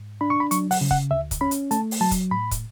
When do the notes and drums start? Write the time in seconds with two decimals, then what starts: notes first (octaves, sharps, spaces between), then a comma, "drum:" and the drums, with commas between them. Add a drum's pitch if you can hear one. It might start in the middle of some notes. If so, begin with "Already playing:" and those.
Already playing: G#2
0.21 D4 B5
0.30 C#6
0.40 B5
0.51 F#3 C#6, drum: hi-hat
0.71 F#5, drum: open hi-hat
0.81 C#3
0.91 F#5, drum: kick
1.11 D2 E5
1.31 drum: kick, hi-hat
1.41 C#4 B5
1.51 drum: hi-hat
1.71 A3 A5, drum: hi-hat
1.91 drum: open hi-hat
2.01 F#3 A5
2.11 drum: kick, hi-hat
2.31 A2 B5
2.51 drum: kick, hi-hat